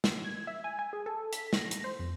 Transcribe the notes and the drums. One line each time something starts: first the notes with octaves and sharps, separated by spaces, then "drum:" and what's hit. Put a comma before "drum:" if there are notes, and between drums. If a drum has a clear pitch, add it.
drum: snare
G#6
E5
G#5
G#5
G#4
A4
B6, drum: hi-hat
A#6, drum: snare
drum: hi-hat
C5
F2